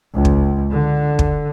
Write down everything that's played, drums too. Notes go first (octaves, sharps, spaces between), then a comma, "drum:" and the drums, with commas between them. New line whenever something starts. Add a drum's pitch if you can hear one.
C#2
drum: kick
D3
drum: kick